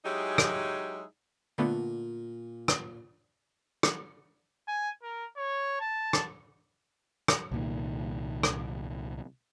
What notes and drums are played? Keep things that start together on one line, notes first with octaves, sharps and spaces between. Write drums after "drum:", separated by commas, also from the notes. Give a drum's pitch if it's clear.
F#3 G#3 D#4 E4 G4 G#4
drum: rim click
A#2 D3 A3 B3
drum: rim click
drum: rim click
G#5
A#4
C#5
A5
drum: rim click
drum: rim click
C2 A#2 D#3
drum: rim click